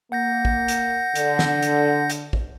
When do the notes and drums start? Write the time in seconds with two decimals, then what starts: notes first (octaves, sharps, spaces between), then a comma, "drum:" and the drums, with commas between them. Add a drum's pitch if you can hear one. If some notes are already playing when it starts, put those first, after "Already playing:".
0.12 A#3 F#5 G6 A#6
0.45 drum: kick
0.68 drum: hi-hat
1.15 D3, drum: hi-hat
1.39 drum: snare
1.63 drum: hi-hat
2.10 drum: hi-hat
2.33 drum: kick